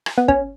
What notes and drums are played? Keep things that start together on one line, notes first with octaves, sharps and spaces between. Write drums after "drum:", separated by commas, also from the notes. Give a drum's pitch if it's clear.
drum: rim click
B3
C#4, drum: kick